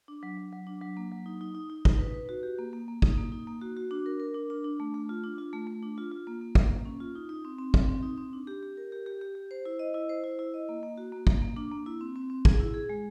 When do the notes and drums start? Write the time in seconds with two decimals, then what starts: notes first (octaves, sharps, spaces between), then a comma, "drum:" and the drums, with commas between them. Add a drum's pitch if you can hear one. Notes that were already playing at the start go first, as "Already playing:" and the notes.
0.08 D4
0.23 F#3
0.37 F#3
0.53 F#3
0.67 D4
0.81 F#3
0.97 A#3
1.11 F#3
1.26 D#4
1.41 D#4
1.55 D#4
1.70 D#4
1.85 D#4, drum: kick
1.99 B4
2.14 B4
2.29 F#4
2.43 G4
2.59 A#3
2.73 A#3
2.88 A#3
3.02 D#4, drum: kick
3.18 A#3
3.32 D#4
3.47 A#3
3.61 F#4
3.77 F#4
3.91 D4
4.06 A#4
4.20 A#4
4.34 D4
4.50 D4
4.64 D4
4.80 A3
4.94 A3
5.09 F4
5.24 D4
5.38 F4
5.53 A3
5.67 A3
5.83 D4
5.98 F4
6.12 F4
6.27 A#3
6.41 A#3
6.55 A#3, drum: kick
6.71 A#3
6.85 C#4
7.00 F4
7.15 D#4
7.29 D#4
7.45 C4
7.59 C4
7.74 C4, drum: kick
7.89 C4
8.03 D#4
8.18 C4
8.33 D4
8.47 G4
8.63 G4
8.77 A#4
8.92 G4
9.06 G4
9.21 G4
9.35 G4
9.51 C5
9.65 E4
9.79 D#5
9.94 E4
10.09 C5
10.24 E4
10.39 E4
10.54 D#5
10.69 A#3
10.83 A#3
10.98 F#4
11.12 A#3
11.27 A#3, drum: kick
11.42 A#3
11.57 D4
11.72 A#3
11.86 E4
12.01 C4
12.16 C4
12.30 C4
12.45 G#4, drum: kick
12.60 E4
12.74 G#4
12.89 G#3